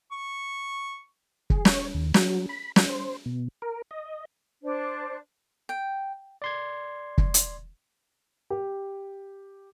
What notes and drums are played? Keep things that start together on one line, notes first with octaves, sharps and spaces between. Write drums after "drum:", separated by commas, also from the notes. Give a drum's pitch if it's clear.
C#6
G#4, drum: kick
C#5, drum: snare
D#2
F#3, drum: snare
B5
F#3, drum: snare
C5
B2
A#4
D#5
D4 C5
G5
D5 C6 G#6
drum: kick
drum: hi-hat
G4